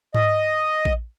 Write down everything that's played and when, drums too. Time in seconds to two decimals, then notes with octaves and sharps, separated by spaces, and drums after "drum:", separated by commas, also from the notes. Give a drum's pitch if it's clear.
0.15 D#5, drum: tom G#2
0.85 drum: kick A#1